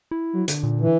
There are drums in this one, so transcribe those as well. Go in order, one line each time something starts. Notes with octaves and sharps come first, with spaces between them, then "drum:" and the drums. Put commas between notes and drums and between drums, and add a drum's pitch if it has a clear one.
E4
F#3
D3, drum: hi-hat
A#2
E3